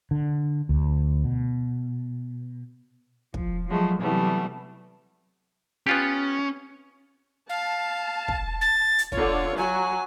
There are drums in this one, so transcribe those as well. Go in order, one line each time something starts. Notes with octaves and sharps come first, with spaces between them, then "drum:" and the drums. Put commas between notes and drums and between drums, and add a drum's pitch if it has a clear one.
D3
D2
B2
F3, drum: kick
F3 F#3 G#3 A3
C3 E3 F#3 G3 A3 B3
B3 C#4 F4 G4
F5 A5
drum: kick
A6
drum: hi-hat
D3 F4 C#5, drum: kick
F#3 G#5